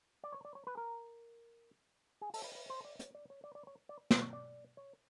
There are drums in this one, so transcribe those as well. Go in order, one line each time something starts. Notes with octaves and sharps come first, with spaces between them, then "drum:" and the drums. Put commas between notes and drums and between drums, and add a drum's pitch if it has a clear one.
D5
C#5
D5
C#5
B4
A#4
G#4
A4, drum: open hi-hat
B4
B4
C5
D5
C#5, drum: hi-hat
D5
C#5
D5
D5
C#5
D5
C5, drum: snare
C#5
D5
C#5